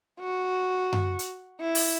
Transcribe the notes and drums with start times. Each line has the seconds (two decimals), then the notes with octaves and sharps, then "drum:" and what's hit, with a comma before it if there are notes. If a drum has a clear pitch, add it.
0.20 F#4
0.93 drum: tom F#2
1.19 drum: hi-hat
1.61 E4
1.75 drum: open hi-hat